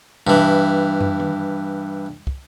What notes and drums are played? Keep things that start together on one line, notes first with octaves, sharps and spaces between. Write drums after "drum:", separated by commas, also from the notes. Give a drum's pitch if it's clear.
G2 E3, drum: tom B2
drum: tom
drum: tom D#3
drum: kick